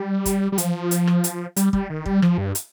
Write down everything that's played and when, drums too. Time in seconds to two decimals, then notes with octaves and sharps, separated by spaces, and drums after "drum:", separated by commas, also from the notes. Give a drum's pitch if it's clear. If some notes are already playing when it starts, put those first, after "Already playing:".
Already playing: G3
0.26 drum: kick, hi-hat
0.52 G3
0.58 F3, drum: hi-hat
0.91 drum: hi-hat
1.07 drum: rim click
1.24 drum: hi-hat
1.56 G3, drum: hi-hat
1.73 G3, drum: kick
1.90 D#3
2.06 G3, drum: kick
2.22 F3, drum: rim click
2.38 G2
2.55 drum: hi-hat